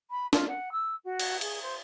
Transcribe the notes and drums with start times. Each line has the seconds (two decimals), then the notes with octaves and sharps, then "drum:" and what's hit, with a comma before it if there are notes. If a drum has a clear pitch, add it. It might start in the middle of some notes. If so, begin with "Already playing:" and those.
0.11 B5
0.33 F4, drum: snare
0.48 F#5
0.72 E6
1.04 F#4
1.20 drum: cymbal
1.41 G#4, drum: cymbal
1.62 C5